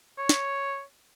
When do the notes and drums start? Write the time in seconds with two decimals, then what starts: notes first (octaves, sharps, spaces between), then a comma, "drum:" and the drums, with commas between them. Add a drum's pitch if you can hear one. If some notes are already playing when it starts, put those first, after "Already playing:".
0.18 C#5
0.29 drum: snare